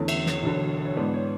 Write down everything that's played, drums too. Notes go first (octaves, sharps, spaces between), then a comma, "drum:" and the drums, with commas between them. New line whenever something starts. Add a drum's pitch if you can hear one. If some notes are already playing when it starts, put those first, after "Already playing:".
Already playing: E2 D3 A3 C#4
E5, drum: cymbal
C#5, drum: snare
E1 D2 D3 F#3
C#5
G#2 E3 B3 D4 B4
C#5